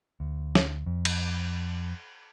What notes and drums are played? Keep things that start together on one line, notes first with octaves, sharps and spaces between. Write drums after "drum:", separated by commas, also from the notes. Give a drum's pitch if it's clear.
D2
drum: snare
F2
drum: cymbal